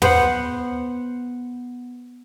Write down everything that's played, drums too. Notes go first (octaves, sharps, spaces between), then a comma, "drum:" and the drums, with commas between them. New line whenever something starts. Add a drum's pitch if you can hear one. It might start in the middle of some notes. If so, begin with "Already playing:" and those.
B3 C5 F#5, drum: tom